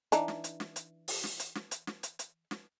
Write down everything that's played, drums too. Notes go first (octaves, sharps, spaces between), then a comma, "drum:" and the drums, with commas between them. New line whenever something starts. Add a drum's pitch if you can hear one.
E3 D4 D#4, drum: hi-hat
drum: snare
drum: hi-hat
drum: snare
drum: hi-hat
drum: open hi-hat
drum: snare
drum: hi-hat
drum: snare
drum: hi-hat
drum: snare
drum: hi-hat
drum: hi-hat
drum: snare